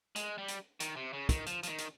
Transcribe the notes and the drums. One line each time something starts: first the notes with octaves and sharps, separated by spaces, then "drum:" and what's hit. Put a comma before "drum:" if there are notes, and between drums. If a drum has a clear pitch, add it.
G#3, drum: hi-hat
G3
drum: hi-hat
D#3, drum: hi-hat
C3
C#3
D#3, drum: kick, hi-hat
F3, drum: hi-hat
F3, drum: hi-hat
D#3
drum: hi-hat